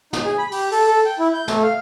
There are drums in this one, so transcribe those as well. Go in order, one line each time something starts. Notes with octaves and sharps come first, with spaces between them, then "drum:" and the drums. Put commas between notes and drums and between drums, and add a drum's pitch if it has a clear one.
D#4, drum: snare
G#4
B5
G4, drum: open hi-hat
A4, drum: open hi-hat
A4
G5
E4
G6
A3, drum: snare
F5